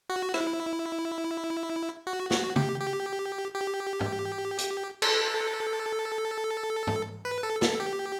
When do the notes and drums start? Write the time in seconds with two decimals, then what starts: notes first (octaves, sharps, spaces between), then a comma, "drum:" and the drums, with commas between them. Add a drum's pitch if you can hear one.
0.10 F#4
0.34 E4, drum: rim click
2.07 F#4
2.31 F#4, drum: snare
2.56 G4, drum: tom C#3
2.80 G4
3.54 G4
4.00 drum: tom
4.59 drum: hi-hat
5.02 A4, drum: cymbal
6.87 drum: tom
7.25 B4
7.43 A4
7.62 A4, drum: snare
7.80 G4